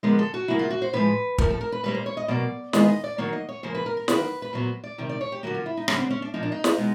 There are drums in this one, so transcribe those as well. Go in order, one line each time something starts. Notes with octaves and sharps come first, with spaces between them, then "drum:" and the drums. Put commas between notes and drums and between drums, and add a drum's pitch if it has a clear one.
D3 F3 G#3 B3 A#4
A4
F#4
C#3 F#3 A#3 E4
F4
F#4
C5
A2 F3 G#3 B4
A2 F3 A3 A#4, drum: kick
A4
A#4
B4
A#2 G3 A#3 B4
C5
C#5
D#5
B2 F#3 A#3 D5
D#3 G#3 B3 D#5, drum: snare
D#5
D5
D#3 F#3 A#3 C#5
D#5
C#5
C#3 F3 A#3 C5
B4
A#4
A#4
D#3 F#3 A#3 B4, drum: snare
B4
A#2 F#3 B3 C5
D5
C3 D#3 G3
D5
C#5
G4
D3 F#3 A#3 F#4
F4
E4
D#4
D3 G3 B3 C#4, drum: rim click
C4
C#4
D4
A#2 F3 A#3 D#4
D4
D#4
drum: snare
B2 G#3 B3